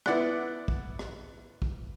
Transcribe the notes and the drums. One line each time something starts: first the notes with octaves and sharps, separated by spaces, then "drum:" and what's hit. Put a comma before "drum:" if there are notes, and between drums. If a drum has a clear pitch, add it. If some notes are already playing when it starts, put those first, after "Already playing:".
B3 E4 D5 F#5, drum: rim click
drum: kick
drum: rim click
drum: kick